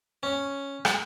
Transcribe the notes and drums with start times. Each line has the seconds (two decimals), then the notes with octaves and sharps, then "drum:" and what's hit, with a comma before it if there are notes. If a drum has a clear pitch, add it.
0.23 C#4
0.85 drum: rim click